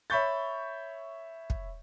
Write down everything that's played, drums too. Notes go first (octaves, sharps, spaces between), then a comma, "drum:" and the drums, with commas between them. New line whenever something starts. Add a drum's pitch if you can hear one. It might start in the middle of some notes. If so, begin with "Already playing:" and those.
C#5 E5 B5 C#6 G6 A6
drum: kick